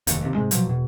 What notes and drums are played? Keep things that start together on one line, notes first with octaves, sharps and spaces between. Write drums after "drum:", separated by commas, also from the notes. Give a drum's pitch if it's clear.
F1 D#2, drum: hi-hat
D#2 C3
G#2 C3 G#3
B2 F3 F#3, drum: hi-hat
E1 B2